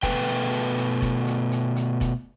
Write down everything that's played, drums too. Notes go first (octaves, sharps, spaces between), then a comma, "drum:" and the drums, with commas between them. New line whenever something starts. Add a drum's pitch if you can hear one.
B2 A3 B4 G5, drum: kick F1, hi-hat
drum: hi-hat
drum: hi-hat
drum: hi-hat
drum: kick F1, hi-hat
drum: hi-hat
drum: hi-hat
drum: hi-hat
drum: kick F1, hi-hat